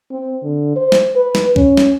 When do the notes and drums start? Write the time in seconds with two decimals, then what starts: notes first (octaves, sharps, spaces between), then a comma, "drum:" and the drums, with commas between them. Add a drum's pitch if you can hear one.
0.11 C4
0.43 D3
0.76 C5
0.92 drum: snare
1.16 B4
1.35 drum: snare
1.56 C#4, drum: kick C#2
1.77 drum: snare